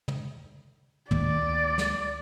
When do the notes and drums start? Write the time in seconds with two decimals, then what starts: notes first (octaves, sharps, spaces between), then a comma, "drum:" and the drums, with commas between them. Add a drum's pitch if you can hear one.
0.08 drum: tom
1.11 D2 D#3 A#3 D5, drum: tom
1.78 drum: snare